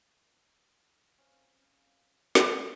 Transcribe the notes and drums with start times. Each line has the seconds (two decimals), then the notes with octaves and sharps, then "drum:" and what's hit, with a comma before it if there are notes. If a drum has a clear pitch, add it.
1.18 C4 C#4 F5
2.35 drum: snare